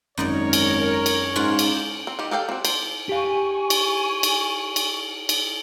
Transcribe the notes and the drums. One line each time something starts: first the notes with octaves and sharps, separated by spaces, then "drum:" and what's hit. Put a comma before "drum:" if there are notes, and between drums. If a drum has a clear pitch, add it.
G#1 F#2 D#4 A#4 C#5 D5
drum: cymbal
drum: cymbal
G#2 C#4 F4 F#5 D6 G6 E7
drum: cymbal
C4
D#3 G4
G4 A4 F5 G5
C4 F#4
C5, drum: cymbal
G4 F5 G#5 C#6
drum: cymbal
drum: cymbal
drum: cymbal
drum: cymbal